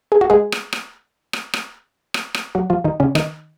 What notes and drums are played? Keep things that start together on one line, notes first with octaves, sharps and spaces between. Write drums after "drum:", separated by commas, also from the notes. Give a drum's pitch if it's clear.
G#4
F#4
G#3 G#4
drum: rim click
drum: rim click
drum: rim click
drum: rim click
drum: rim click
drum: rim click
F#3 F#4
F3 F4
D#3 D#4
C#3 C#4
D#3 D#4, drum: rim click